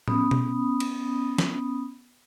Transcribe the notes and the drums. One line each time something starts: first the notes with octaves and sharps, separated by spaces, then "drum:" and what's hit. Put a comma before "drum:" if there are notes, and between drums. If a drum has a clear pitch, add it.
B3 C#4 B5 D#6, drum: tom
drum: tom B2
drum: cymbal
drum: snare